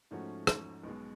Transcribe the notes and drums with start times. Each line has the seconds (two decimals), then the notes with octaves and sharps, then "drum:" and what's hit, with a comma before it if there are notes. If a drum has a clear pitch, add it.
0.11 G#2 F3 A3 C#4 F#4
0.47 drum: rim click
0.83 B1 B2 G#3